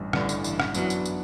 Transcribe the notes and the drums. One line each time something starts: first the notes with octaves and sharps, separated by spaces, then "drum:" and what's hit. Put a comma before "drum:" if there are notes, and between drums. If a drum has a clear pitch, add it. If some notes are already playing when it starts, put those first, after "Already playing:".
Already playing: A1 G2 E3 G3
A1 G2 D3 E3 G3, drum: rim click
drum: tambourine
E3, drum: tambourine
drum: rim click
F#2 E3 F#3 B3 D4 F#4, drum: tambourine
drum: tambourine
drum: tambourine